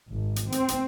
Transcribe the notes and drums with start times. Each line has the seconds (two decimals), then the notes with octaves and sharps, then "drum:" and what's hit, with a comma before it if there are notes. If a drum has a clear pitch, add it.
0.12 G#1
0.36 drum: hi-hat
0.52 C4, drum: hi-hat
0.68 drum: hi-hat